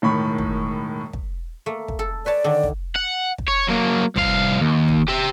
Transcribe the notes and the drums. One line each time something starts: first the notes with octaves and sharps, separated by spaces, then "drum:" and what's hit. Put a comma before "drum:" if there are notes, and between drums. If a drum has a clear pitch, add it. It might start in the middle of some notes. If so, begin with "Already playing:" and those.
E1 A2 D#3 B5 C#6
drum: kick
drum: kick
A3 A#3
drum: kick
A4
B4 C#5 D5 A5
D3 D#3 D4
drum: kick
F#5
drum: kick
C#5
F#3 A#3
C2 F5, drum: kick
D#2
drum: kick
G4 E5